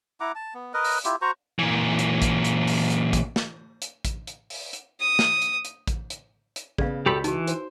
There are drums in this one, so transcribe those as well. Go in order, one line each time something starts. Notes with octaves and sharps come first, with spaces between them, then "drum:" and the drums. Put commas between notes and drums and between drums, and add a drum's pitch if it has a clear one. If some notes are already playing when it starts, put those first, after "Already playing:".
E4 F#5 A#5 D6
A5
B3
A#4 B4 D#5
drum: open hi-hat
E4 F4 G4, drum: hi-hat
F#4 C5 A#5 C#6
A#2 E3
drum: hi-hat
drum: kick A1, hi-hat
drum: hi-hat
drum: open hi-hat
drum: hi-hat
drum: kick A1, hi-hat
drum: snare
drum: hi-hat
drum: kick A1, hi-hat
drum: hi-hat
drum: open hi-hat
drum: hi-hat
D#6
drum: snare
drum: hi-hat
drum: hi-hat
drum: kick A1, hi-hat
drum: hi-hat
drum: hi-hat
C#3 B3 D5 F5, drum: kick A1
C#2 F#4 G4 A4 C#5 B5
E3 D#4 F#4, drum: hi-hat
C5, drum: hi-hat